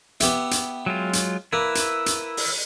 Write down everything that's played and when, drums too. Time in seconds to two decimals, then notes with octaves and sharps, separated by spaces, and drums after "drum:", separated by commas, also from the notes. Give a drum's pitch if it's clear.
0.20 B3 G4 E5, drum: hi-hat
0.51 drum: hi-hat
0.86 F#3 G#3 F4
1.13 drum: hi-hat
1.53 A#3 E4 B4
1.75 drum: hi-hat
2.06 drum: hi-hat
2.37 drum: open hi-hat